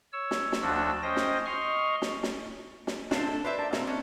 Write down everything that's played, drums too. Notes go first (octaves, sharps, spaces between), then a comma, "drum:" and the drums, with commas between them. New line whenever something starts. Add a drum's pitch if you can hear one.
C#5 E6
drum: snare
drum: snare
D2 F3 D4 F#4 E6
C#4 C5 D#5 G5 A#6
drum: snare
D#5 C6 C#6 F6
drum: snare
drum: snare
drum: snare
C4 D4 F4 E5 A5, drum: snare
A4
B4 C5 D5 E5
A#4 A5
A#2 C4 A#4 E5, drum: snare
C#4 D4 G4